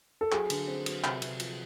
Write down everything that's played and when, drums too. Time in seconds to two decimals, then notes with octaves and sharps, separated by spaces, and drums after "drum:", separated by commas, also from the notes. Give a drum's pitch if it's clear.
0.21 A4
0.32 F#3 G#4, drum: clap
0.50 D3, drum: cymbal
0.68 C4
0.86 F#3, drum: cymbal
1.04 C3, drum: clap
1.22 C3, drum: cymbal
1.40 F3, drum: cymbal